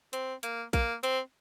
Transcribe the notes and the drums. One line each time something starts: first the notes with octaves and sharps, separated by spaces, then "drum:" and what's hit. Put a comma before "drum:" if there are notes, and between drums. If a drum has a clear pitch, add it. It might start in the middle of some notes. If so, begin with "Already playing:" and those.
C4, drum: hi-hat
A#3, drum: hi-hat
A#3, drum: kick A#1, hi-hat
C4, drum: hi-hat